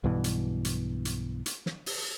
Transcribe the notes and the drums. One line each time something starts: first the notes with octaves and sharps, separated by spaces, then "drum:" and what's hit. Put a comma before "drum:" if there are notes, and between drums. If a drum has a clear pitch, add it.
B1 G2 B2 E3
drum: hi-hat
drum: hi-hat
drum: hi-hat
drum: hi-hat
drum: snare
drum: open hi-hat